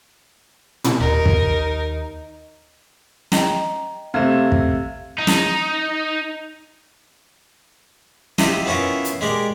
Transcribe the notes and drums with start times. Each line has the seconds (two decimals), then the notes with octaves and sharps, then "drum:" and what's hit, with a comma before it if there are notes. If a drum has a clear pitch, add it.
0.84 drum: tom
1.00 D#2 D#4 A#4
1.26 drum: kick
3.32 D#5 G5 A#5, drum: snare
4.14 C3 A3 F5 F6 G#6 E7
4.52 drum: kick
5.18 D#4
5.27 drum: snare
8.38 E4 F4 G4 D#5, drum: snare
8.66 B3 C#4 E4 F4 A#4
9.04 drum: hi-hat
9.21 G#3 G4 A#4 D5